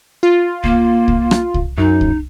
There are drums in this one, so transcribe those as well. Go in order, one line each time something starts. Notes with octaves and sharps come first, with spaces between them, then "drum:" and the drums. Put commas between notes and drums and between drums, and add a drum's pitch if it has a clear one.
F4
A#3, drum: kick C2
drum: kick C2
drum: rim click
drum: kick C2
F#2 D#4
drum: kick C2